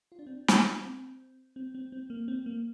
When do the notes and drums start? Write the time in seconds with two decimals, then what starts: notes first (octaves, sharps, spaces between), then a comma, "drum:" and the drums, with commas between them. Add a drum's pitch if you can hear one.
0.12 F4
0.19 D4
0.27 C4
0.35 D4
0.48 C4, drum: snare
0.84 C4
1.56 C4
1.75 C4
1.92 C4
2.10 A#3
2.28 C4
2.46 A#3